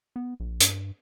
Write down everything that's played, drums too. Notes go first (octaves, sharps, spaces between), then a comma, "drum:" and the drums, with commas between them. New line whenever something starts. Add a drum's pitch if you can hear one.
B3
A#1
G2, drum: hi-hat